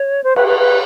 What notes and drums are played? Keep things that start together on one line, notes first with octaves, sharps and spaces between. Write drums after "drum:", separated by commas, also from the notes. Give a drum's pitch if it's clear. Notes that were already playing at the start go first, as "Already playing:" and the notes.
Already playing: C#5
C5
B4, drum: cymbal
B4
B4